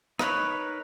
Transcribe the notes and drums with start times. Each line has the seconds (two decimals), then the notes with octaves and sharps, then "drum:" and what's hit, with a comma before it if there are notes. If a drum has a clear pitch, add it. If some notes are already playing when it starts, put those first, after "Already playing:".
0.19 D#4 A#4 B4 C#5, drum: rim click